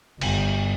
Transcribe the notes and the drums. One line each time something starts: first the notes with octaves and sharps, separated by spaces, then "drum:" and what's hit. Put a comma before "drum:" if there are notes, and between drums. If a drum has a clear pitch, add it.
G1, drum: cymbal